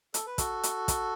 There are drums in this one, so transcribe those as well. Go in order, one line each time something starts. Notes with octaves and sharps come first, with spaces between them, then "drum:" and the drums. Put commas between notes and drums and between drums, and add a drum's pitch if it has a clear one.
A4, drum: hi-hat
B4
F#4 A4, drum: kick, hi-hat
drum: hi-hat
drum: kick, hi-hat